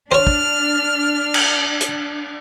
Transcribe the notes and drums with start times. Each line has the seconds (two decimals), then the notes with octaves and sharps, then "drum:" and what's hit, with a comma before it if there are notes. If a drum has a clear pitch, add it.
0.12 D4 C5 C#5 F6
0.27 drum: kick
1.34 drum: cymbal
1.81 drum: hi-hat